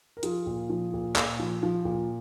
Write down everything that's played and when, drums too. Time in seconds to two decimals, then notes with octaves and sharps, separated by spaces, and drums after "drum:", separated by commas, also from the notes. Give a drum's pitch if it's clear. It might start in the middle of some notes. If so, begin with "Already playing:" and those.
0.17 A#4
0.23 F3 F4 G#4, drum: hi-hat
0.46 A#2
0.70 F3
0.94 A#2
1.16 A#2, drum: clap
1.39 F3
1.63 F3
1.85 A#2